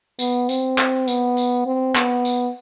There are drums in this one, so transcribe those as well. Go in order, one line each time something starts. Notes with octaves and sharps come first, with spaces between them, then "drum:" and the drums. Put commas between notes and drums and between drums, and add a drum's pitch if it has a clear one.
B3, drum: tambourine
C4, drum: tambourine
drum: clap
B3, drum: tambourine
drum: tambourine
C4
B3, drum: clap
drum: tambourine